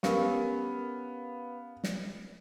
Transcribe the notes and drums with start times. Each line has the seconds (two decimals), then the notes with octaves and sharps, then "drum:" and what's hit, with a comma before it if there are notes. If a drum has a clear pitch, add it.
0.03 B3 C#4 G4 A#4 F5, drum: snare
1.84 drum: snare